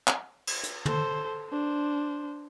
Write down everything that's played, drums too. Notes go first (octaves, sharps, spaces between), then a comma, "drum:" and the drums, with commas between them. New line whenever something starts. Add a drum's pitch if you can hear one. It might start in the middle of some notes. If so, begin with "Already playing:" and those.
drum: clap
drum: cymbal
drum: hi-hat
A4 C5, drum: tom
D4 C5